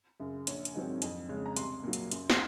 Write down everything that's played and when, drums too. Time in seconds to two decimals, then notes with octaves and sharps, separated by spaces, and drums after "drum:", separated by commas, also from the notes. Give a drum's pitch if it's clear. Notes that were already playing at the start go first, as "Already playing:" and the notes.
0.20 F#2 C#3
0.47 A#1 C#5, drum: hi-hat
0.65 drum: hi-hat
0.75 G#2 D#3 F#3 C4
1.02 F2, drum: hi-hat
1.29 C#3 G#3 C#4
1.46 A#5
1.56 C2 C6, drum: hi-hat
1.84 A#2 F#3
1.93 drum: hi-hat
2.11 F#2, drum: hi-hat
2.30 drum: snare